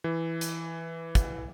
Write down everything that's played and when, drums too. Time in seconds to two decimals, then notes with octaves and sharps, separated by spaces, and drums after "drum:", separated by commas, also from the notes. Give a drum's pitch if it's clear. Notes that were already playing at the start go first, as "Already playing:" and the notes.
0.04 E3
0.41 drum: hi-hat
1.15 drum: kick, hi-hat